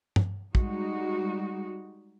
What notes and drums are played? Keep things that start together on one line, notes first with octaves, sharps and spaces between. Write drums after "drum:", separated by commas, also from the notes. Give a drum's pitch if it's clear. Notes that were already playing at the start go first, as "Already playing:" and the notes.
drum: tom G2
G3 G#3 D#4 F#4, drum: kick